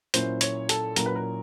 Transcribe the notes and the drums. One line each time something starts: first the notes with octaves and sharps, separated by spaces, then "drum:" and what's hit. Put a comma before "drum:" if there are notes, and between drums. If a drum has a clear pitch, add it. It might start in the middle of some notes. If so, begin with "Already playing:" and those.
A#2 F#3 A#3 C#4 E4 C5, drum: hi-hat
C#5, drum: hi-hat
A4, drum: hi-hat
A#2 F#3 A#3 C#4 E4 A#4, drum: hi-hat
B4
A#4